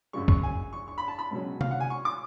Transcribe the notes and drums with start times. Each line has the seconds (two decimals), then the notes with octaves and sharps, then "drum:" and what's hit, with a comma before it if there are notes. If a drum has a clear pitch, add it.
0.13 F#2 C#3 G#3 C#6
0.28 C#6, drum: kick G1
0.43 G#5
0.73 C#6
0.88 C#6
0.98 B5
1.08 A5
1.19 B5
1.31 C#2 B2 F#3 C#4
1.61 F5, drum: tom C3
1.71 F#5
1.80 G#5
1.90 C#6
2.05 D6